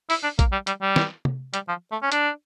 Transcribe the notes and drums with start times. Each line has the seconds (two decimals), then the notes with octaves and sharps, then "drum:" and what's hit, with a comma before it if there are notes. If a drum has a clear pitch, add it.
0.10 E4, drum: open hi-hat
0.23 D4
0.39 A#3, drum: kick A#1, hi-hat
0.52 G3
0.67 G3, drum: hi-hat
0.82 G3
0.96 drum: snare
1.25 drum: tom C3
1.54 G3, drum: hi-hat
1.68 F3
1.92 A3
2.02 C#4
2.12 D4, drum: hi-hat